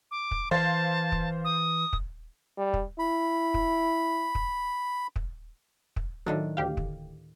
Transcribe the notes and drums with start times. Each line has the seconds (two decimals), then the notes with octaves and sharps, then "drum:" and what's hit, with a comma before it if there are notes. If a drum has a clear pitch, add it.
0.11 D6
0.31 drum: kick
0.51 E3 C5 F5 A5 A6
1.12 drum: kick
1.44 D#6
1.93 drum: kick
2.58 G3
2.73 drum: kick
2.99 E4 B5
3.54 drum: kick
4.35 drum: kick
5.16 drum: kick
5.96 drum: kick
6.26 A2 D#3 F#3 D4
6.57 D2 G4 F5
6.77 drum: kick